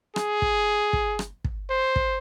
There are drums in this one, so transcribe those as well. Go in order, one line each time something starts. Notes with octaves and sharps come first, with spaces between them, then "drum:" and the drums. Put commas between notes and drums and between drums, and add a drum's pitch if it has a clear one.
G#4, drum: rim click
drum: kick
drum: kick
drum: rim click
drum: kick
C5
drum: kick